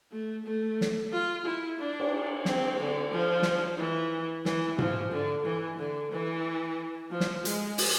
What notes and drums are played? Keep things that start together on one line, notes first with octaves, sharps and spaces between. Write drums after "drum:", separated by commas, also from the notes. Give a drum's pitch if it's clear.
A3
A3
drum: snare
F4
E4
D4
drum: cymbal
C4, drum: snare
D3
F3
drum: snare
E3
E3, drum: snare
F3, drum: tom G#2
D3
E3
D3
E3
F3
drum: snare
G#3, drum: hi-hat
drum: open hi-hat